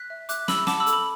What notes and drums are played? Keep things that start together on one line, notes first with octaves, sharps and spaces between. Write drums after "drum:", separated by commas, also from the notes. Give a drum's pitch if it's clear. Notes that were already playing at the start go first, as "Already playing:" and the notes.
Already playing: F#6 B6
E5
E5 D6 F#6, drum: hi-hat
E5 B5 E6, drum: snare
F#5 A5 D6, drum: snare
B5 E6
A4, drum: hi-hat
B5